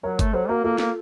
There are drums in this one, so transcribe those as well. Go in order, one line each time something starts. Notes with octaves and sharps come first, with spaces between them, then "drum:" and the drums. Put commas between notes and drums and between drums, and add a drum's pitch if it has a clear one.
F#3 A#4 C#5
A3, drum: kick G1, hi-hat
F#3 A4 C5
A#3 F#4 A#4
A#3 F4 A4
A#3, drum: snare